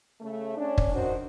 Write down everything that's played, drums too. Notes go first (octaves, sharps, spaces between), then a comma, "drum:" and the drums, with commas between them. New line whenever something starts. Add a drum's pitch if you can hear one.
C#3 A3
C#4 D4
drum: kick
D#3 D4 D#4 F#4 C5